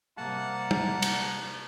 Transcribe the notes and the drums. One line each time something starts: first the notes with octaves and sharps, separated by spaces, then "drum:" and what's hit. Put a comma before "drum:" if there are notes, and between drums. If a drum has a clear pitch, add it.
C3 G3 A#3 F#5 A5
drum: tom
drum: cymbal